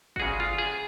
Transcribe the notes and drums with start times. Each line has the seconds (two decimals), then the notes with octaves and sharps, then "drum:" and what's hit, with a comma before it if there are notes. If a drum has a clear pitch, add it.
0.16 F#4, drum: kick G1
0.20 D2 C#3 G#3 G#4
0.40 F4
0.58 G#4